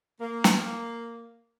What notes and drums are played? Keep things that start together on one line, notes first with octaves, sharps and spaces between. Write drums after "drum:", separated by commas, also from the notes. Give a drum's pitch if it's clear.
A#3
drum: snare